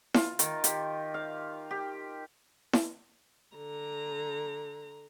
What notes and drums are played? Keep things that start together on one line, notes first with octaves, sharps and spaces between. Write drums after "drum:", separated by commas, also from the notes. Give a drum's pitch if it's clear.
F4, drum: snare E4
D#3, drum: hi-hat
G4, drum: hi-hat
F5
G4
drum: snare E4
D3 A#5